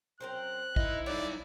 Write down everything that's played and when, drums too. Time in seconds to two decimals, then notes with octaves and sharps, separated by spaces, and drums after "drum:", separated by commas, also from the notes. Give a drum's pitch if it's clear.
0.21 F#2 C4 A#4 C5 F#6
0.76 D#4 E4 D#5, drum: kick A#1
1.06 F#3 D#4 A4 C#5 D5